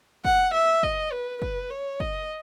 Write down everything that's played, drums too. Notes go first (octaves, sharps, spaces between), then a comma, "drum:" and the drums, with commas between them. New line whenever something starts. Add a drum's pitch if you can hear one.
F#5, drum: kick
E5
D#5, drum: kick
B4
B4, drum: kick
C#5
D#5, drum: kick